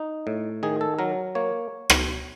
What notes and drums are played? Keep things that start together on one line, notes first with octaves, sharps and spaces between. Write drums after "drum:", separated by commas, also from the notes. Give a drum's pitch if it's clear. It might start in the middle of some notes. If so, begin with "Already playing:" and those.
Already playing: D#4
A2
D#3 G#4
A4
F#3 A#4
A#3 C#5
drum: rim click